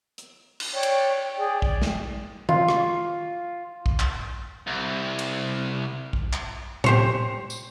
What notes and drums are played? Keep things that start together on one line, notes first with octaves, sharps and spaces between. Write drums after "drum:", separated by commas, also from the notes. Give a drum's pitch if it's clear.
drum: hi-hat
drum: cymbal
C#5 D5 G5
drum: cymbal
G#4 D5 G5
D5, drum: kick A#1
drum: snare
F4, drum: tom D#3
drum: rim click
drum: kick A#1
drum: clap
C2
drum: cymbal
drum: kick A#1
drum: clap
G4 C5 C#5, drum: tom A2
drum: tambourine